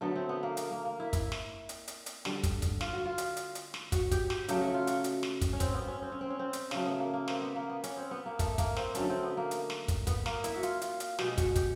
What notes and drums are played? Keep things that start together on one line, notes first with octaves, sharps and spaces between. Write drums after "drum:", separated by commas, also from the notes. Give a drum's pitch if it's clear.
D3 F#3 A3 B3
C4
B3
A#3
A#3, drum: hi-hat
A#3
A#3
E4
E4, drum: kick, hi-hat
drum: snare
drum: hi-hat
drum: hi-hat
drum: hi-hat
D3 G3, drum: snare
drum: kick, hi-hat
drum: kick, hi-hat
F4, drum: snare
F#4
F4
drum: hi-hat
drum: hi-hat
drum: hi-hat
drum: snare
F#4, drum: kick, hi-hat
G4, drum: kick, hi-hat
G4, drum: snare
C#3 F#3 A3 G4, drum: hi-hat
F#4
F4
F#4, drum: hi-hat
drum: hi-hat
drum: snare
drum: kick, hi-hat
C#4
C4, drum: kick, hi-hat
B3
C4
C#4
C4
C#4
C4
C#4
C4
drum: hi-hat
C#3 F#3 A3, drum: snare
B3
A#3
A#3
C4, drum: snare
B3
A#3
B3
C#4, drum: hi-hat
C4
B3
A#3
A3, drum: kick, hi-hat
A#3, drum: kick, hi-hat
C4, drum: snare
D3 F#3 A3 C#4, drum: hi-hat
C4
B3
A#3
drum: hi-hat
drum: snare
drum: kick, hi-hat
B3, drum: kick, hi-hat
A#3, drum: snare
E4, drum: hi-hat
F#4
F4, drum: hi-hat
F4, drum: hi-hat
drum: hi-hat
B2 G#3 G4, drum: snare
F#4, drum: kick, hi-hat
G4, drum: kick, hi-hat